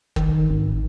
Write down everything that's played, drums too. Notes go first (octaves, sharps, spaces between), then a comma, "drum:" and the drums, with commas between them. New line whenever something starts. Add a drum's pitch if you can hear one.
D#3, drum: kick
G#1